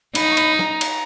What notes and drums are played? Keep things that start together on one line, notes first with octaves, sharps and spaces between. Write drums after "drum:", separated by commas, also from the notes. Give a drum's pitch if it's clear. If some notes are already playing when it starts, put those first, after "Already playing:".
D#4 B5, drum: cymbal
C#6
B5, drum: cymbal
A#5, drum: snare
drum: cymbal